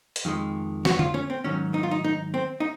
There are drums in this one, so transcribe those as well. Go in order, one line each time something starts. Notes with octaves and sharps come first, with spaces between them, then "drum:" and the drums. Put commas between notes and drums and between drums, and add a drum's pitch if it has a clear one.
drum: hi-hat
F2 D#3 G#3
F#4, drum: snare
F4, drum: tom D3
C#4
C4
G#2 D#3 F#3 C#4
D#4
F4
D#4
D#4
C4
D#4